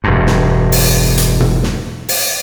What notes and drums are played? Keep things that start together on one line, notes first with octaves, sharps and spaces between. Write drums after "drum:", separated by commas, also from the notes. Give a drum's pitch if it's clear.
E1 G2
drum: snare
drum: open hi-hat
drum: hi-hat
drum: tom
drum: snare
drum: open hi-hat